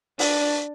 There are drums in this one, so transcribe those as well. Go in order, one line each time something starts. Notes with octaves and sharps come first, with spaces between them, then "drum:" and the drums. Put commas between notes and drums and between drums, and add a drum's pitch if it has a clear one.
D4, drum: open hi-hat